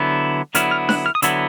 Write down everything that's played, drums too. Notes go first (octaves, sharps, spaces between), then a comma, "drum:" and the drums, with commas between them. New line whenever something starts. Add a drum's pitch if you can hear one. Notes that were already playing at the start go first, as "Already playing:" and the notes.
Already playing: D3 F#3 B3 E4
D3 F#3 B3 E4 F6, drum: hi-hat
F6
F#6, drum: snare D4
F6
D#6
D3 F#3 B3 E4 E6, drum: hi-hat